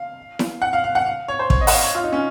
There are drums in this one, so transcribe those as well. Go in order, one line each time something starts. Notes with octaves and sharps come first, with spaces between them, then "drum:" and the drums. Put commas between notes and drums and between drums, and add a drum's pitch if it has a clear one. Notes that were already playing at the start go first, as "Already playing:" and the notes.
Already playing: F5
drum: snare E4
F#5
F5
F5
F#5
F5
C#5
C5
C#5, drum: kick
D#5
F#5, drum: open hi-hat
F5
C#5
F4
D#4
C#4